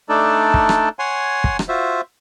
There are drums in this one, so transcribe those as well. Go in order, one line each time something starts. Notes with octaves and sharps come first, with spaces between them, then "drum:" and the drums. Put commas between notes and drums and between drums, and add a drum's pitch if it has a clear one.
A3 D4 D#4 A4 D5
drum: kick
drum: rim click
C#5 F#5 G#5 C6
drum: kick
drum: rim click
F4 F#4 C5 E5